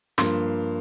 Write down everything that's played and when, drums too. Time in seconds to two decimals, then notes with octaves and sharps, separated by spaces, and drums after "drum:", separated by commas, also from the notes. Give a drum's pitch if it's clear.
0.18 G2 F3 A#3 C6, drum: snare